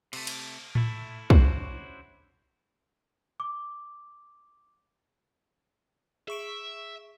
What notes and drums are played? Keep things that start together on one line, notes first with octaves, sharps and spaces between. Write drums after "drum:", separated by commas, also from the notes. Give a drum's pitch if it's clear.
C3 A3, drum: cymbal
drum: cymbal
A3 E4, drum: tom A2
C#4 D4 E4 F#4 C5 C#5, drum: kick
D6
G#4 E5 C#6 D7